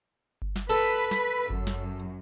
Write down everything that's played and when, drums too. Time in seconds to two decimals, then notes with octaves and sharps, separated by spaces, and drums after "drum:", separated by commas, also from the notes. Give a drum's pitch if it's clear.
0.42 drum: kick G1
0.56 drum: snare
0.70 A4 B4
1.11 drum: snare
1.50 F#2, drum: kick G1
1.67 drum: snare